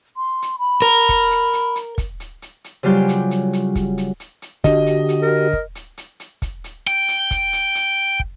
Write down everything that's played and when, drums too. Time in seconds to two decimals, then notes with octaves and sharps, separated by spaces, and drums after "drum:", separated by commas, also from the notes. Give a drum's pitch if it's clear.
0.17 C6
0.42 drum: hi-hat
0.59 B5
0.82 A#4
1.09 drum: kick, hi-hat
1.31 drum: hi-hat
1.53 drum: hi-hat
1.76 drum: hi-hat
1.98 drum: kick, hi-hat
2.20 drum: hi-hat
2.42 drum: hi-hat
2.64 drum: hi-hat
2.83 C#3 F#3 G3 F4 G4
3.09 drum: hi-hat
3.31 drum: hi-hat
3.53 drum: hi-hat
3.75 drum: kick, hi-hat
3.98 drum: hi-hat
4.20 drum: hi-hat
4.42 drum: hi-hat
4.64 D3 D4 F#4 G4 D#5, drum: kick, hi-hat
4.86 drum: hi-hat
5.09 drum: hi-hat
5.22 A#4
5.53 drum: kick
5.75 drum: hi-hat
5.97 drum: hi-hat
6.20 drum: hi-hat
6.42 drum: kick, hi-hat
6.64 drum: hi-hat
6.87 G5, drum: hi-hat
7.09 drum: hi-hat
7.31 drum: kick, hi-hat
7.53 drum: hi-hat
7.75 drum: hi-hat
8.20 drum: kick